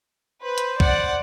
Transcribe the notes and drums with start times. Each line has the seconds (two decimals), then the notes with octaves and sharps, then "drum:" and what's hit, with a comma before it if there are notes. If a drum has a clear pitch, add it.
0.44 B4 C5
0.58 drum: hi-hat
0.80 D5 F#5, drum: kick C2